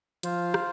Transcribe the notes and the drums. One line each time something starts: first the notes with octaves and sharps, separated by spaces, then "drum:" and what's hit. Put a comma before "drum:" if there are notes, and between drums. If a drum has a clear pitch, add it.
F3 F4 C5 F5, drum: hi-hat
drum: rim click